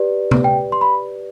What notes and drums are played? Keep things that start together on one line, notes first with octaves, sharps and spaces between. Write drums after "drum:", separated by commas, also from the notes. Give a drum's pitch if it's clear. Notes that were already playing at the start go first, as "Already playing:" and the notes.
Already playing: G4 B4 D5
drum: tom
G5
C6
B5